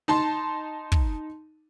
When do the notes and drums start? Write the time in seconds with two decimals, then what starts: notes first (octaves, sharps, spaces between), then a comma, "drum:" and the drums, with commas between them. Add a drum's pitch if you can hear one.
0.08 D#4 A5 C6
0.92 drum: kick